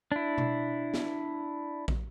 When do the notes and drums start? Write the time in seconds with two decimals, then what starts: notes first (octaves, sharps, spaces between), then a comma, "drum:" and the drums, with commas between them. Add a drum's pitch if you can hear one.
0.12 D4 E4
0.38 drum: tom B2
0.94 drum: snare
1.88 drum: kick